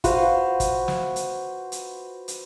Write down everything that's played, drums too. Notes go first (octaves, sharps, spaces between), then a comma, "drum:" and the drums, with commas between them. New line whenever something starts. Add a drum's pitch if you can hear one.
F#4 B4 C5 F5, drum: kick, hi-hat
drum: kick, hi-hat
drum: snare
drum: hi-hat
drum: hi-hat
drum: hi-hat